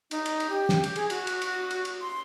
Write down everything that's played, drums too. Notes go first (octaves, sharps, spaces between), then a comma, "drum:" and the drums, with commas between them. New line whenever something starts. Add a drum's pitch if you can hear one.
D#4, drum: cymbal
drum: cymbal
drum: cymbal
G4
drum: snare
drum: cymbal
G#4, drum: cymbal
F#4, drum: cymbal
drum: cymbal
drum: cymbal
drum: cymbal
drum: cymbal
C6